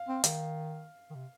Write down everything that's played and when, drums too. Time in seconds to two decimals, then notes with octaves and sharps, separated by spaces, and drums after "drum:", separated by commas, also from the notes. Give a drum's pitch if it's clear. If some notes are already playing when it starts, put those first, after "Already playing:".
Already playing: F5
0.08 C4
0.24 D#3, drum: hi-hat
1.10 D#3
1.15 C3